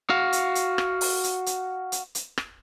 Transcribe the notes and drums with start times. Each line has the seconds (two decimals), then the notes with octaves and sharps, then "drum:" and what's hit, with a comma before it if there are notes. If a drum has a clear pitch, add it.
0.10 F#4 F5
0.33 drum: hi-hat
0.55 drum: hi-hat
0.78 drum: rim click
1.01 drum: open hi-hat
1.24 drum: hi-hat
1.46 drum: hi-hat
1.92 drum: hi-hat
2.15 drum: hi-hat
2.38 drum: rim click